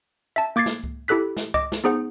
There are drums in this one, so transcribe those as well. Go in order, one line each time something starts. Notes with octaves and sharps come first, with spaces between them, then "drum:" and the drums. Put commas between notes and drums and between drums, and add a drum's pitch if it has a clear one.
E5 A5
A#3 D6 G#6 A6 C7
drum: snare
drum: kick C#2
E4 G4 A4 F#6 B6
drum: snare
D#5 D6, drum: kick C#2
drum: snare
B3 D#4 G#4 C5 F#5